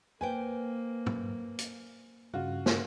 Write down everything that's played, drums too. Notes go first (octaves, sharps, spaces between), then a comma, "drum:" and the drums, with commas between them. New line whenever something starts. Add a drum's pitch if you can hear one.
A#3 B4 C5 G5 G#5
drum: tom
drum: hi-hat
G2 C#3 F4 F#4
drum: snare